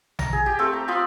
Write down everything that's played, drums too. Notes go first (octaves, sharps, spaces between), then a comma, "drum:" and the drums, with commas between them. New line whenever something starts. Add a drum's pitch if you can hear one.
A#5, drum: tom A#1
G#4
G4
A3 C4 G4 A4
A#5
C4 F4 B5 D#6